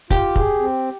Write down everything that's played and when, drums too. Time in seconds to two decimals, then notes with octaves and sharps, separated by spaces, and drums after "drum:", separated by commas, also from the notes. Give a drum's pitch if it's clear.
0.10 F4 G4, drum: kick
0.36 G#4, drum: kick
0.60 C4